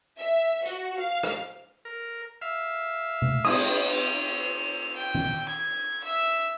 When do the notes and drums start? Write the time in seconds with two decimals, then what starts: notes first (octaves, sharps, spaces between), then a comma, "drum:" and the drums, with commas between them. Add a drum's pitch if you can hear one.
0.19 E5
0.66 F#4, drum: hi-hat
0.99 F5
1.23 drum: rim click
1.85 A#4
2.41 E5 F5
3.22 drum: tom C3
3.45 G#3 D#6, drum: cymbal
3.91 F7
4.96 G5
5.15 drum: tom
5.49 G#6
6.04 E5